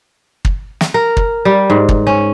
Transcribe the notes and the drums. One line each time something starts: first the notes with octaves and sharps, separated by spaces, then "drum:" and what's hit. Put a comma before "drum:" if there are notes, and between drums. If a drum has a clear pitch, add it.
drum: kick
drum: snare
A#4
drum: kick
G3
G#2
drum: kick
C#4